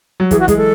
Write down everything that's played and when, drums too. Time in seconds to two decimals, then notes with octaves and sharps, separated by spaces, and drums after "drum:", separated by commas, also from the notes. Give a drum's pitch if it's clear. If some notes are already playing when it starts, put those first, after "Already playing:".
0.20 F#3
0.31 E3 G#4, drum: kick, hi-hat
0.40 F#4
0.48 G#3 G#4, drum: kick, hi-hat
0.57 A4